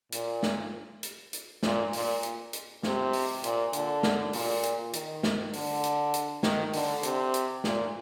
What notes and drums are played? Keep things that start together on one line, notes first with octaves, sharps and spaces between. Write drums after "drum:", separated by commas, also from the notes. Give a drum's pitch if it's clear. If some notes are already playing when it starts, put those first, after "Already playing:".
A#2, drum: hi-hat
drum: snare
drum: hi-hat
drum: hi-hat
A#2, drum: snare
A#2, drum: open hi-hat
drum: hi-hat
drum: hi-hat
C3, drum: snare
drum: open hi-hat
A#2, drum: hi-hat
D3, drum: hi-hat
drum: snare
A#2, drum: open hi-hat
drum: hi-hat
D#3, drum: hi-hat
drum: snare
D3, drum: open hi-hat
drum: hi-hat
drum: hi-hat
D#3, drum: snare
D3, drum: open hi-hat
C3, drum: hi-hat
drum: hi-hat
A#2, drum: snare